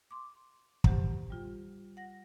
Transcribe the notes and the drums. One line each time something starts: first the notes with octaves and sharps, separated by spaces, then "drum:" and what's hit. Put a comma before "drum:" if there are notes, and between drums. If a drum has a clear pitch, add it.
C6 D6
G4 C5 F#5, drum: kick
G3 F4
F#5 A#6